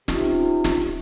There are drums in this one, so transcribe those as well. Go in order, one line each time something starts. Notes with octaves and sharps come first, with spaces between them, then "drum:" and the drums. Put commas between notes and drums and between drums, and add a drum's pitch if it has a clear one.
C3 C#4 D#4 F4, drum: snare
drum: snare